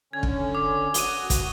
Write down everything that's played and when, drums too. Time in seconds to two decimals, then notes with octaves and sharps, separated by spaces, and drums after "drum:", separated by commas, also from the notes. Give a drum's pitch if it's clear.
0.13 D3 C#4 G#6
0.23 drum: kick
0.55 D6
0.94 F#4 D#6 D#7 G7, drum: hi-hat
1.30 drum: kick, hi-hat